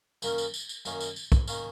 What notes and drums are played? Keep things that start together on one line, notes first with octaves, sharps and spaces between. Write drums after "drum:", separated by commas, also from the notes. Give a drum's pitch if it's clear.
F#2 D#3 A#3 C#4, drum: tambourine
drum: tambourine
drum: tambourine
drum: tambourine
F#2 D#3 A#3 C#4, drum: tambourine
drum: tambourine
drum: tambourine
drum: kick, tambourine
D#3 A#3 C#4, drum: tambourine